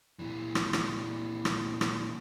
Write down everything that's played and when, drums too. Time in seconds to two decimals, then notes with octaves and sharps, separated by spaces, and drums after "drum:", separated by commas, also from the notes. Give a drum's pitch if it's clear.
0.19 A#2 E3
0.55 drum: rim click
0.73 drum: rim click
1.45 drum: rim click
1.81 drum: rim click